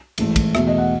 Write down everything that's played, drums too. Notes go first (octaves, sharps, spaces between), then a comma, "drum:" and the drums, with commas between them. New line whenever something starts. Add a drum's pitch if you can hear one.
A1 G#2 E3 A3, drum: cymbal
drum: kick, cymbal
E2 B2 A3 E5, drum: rim click
D#5
F#5